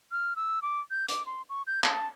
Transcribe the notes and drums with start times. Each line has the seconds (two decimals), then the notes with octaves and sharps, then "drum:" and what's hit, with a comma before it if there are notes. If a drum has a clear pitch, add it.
0.12 F6
0.36 E6
0.62 D6
0.91 G6
1.08 D6, drum: hi-hat
1.26 C6
1.49 C#6
1.67 G6
1.84 A5, drum: clap